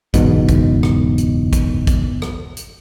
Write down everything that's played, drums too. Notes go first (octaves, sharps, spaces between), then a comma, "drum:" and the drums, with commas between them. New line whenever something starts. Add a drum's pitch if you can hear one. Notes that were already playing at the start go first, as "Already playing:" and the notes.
F#1 E2 G#2 B2, drum: kick, hi-hat
drum: kick, hi-hat
drum: rim click
drum: hi-hat
drum: kick, hi-hat
drum: kick, hi-hat
drum: rim click
drum: hi-hat